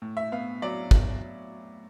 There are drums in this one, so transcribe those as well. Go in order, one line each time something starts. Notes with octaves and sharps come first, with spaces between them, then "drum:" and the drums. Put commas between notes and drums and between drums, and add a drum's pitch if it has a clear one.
A2
E5
B3 F5
F#3 D5
drum: kick